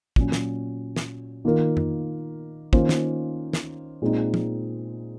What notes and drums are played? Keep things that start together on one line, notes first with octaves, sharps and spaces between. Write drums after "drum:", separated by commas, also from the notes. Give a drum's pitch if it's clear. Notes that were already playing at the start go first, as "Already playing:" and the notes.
A#2 F#3 C#4, drum: kick
drum: snare
drum: snare
D#3 A#3 F4 A#4
drum: tom F2
D#3 A#3 C#4 F4 C5, drum: kick
drum: snare
drum: snare
A#2 G#3 C4 D#4
drum: tom